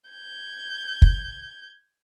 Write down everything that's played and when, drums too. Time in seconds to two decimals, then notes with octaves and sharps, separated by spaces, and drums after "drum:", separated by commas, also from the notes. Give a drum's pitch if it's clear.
0.10 G6 G#6
1.02 drum: kick